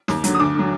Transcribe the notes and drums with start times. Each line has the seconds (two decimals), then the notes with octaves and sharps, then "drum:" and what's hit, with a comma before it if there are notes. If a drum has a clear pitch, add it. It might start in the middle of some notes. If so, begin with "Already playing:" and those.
0.08 D#2, drum: snare
0.24 D3 F#3, drum: hi-hat
0.34 D#6
0.39 D2 D6
0.55 D3 F#3